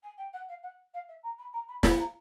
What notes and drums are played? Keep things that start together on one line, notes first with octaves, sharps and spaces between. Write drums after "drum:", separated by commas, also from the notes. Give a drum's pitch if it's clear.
G#5
G5
F#5
F5
F#5
F5
E5
A#5
B5
A#5
B5
B5, drum: snare
A#5